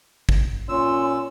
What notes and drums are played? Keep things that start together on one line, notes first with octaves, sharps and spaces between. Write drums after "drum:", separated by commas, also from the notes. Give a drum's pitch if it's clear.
drum: kick
A#2 C#4 C6 E6